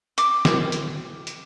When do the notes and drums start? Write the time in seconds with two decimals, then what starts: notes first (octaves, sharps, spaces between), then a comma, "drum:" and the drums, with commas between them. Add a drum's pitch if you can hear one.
0.18 D6, drum: hi-hat
0.45 drum: snare
0.72 drum: hi-hat
1.27 drum: hi-hat